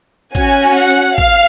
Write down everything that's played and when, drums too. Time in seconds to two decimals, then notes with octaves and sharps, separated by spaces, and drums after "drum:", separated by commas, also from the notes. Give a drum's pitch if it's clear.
0.35 C#4 F#4 G#5, drum: kick, hi-hat
0.76 F#5
0.90 drum: hi-hat
1.18 F5, drum: kick